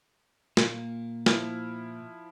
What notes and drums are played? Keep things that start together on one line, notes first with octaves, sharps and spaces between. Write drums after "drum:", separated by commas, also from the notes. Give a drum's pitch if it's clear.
A#2 A#3, drum: snare
F3 E4 F6, drum: snare